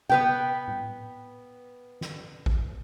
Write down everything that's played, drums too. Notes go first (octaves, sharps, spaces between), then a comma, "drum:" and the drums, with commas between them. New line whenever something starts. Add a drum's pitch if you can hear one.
B3 B4 G5, drum: tom C3
drum: tom A2
drum: snare
drum: kick A1